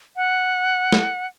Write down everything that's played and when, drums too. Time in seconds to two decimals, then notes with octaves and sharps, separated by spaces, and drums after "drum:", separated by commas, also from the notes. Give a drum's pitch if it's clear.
0.16 F#5
0.92 drum: snare